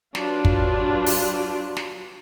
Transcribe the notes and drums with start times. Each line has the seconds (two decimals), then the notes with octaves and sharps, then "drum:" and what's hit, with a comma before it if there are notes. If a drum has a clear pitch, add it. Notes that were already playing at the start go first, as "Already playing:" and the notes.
0.15 F#3 D4 F4 G4 B4, drum: snare
0.45 drum: kick
1.06 drum: open hi-hat
1.77 drum: snare